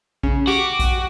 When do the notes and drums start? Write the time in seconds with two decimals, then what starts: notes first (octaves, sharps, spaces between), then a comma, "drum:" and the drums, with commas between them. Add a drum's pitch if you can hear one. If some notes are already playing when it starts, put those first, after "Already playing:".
0.23 C#3, drum: kick A#1
0.47 F#4 G4 D6
0.79 drum: kick A#1, hi-hat